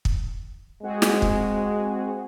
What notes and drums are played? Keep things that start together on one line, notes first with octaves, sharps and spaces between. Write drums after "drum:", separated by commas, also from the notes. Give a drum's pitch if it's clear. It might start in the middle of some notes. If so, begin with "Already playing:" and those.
drum: kick
G#3 C4 F#4 G#4
drum: snare
drum: kick